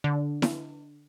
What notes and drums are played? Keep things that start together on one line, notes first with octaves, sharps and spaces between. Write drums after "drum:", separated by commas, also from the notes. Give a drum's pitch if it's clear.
D3
drum: snare E4